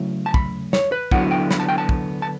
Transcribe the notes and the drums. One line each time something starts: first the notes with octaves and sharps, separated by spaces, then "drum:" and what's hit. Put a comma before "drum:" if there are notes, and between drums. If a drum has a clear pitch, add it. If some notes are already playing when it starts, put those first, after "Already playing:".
Already playing: C#3 F#3 A3 E4
A5
B5, drum: kick
C#5, drum: snare
B4
D3 F#3 B3 E4 F#5, drum: kick
G5
B5, drum: snare
A5
G5
A5
drum: kick
A5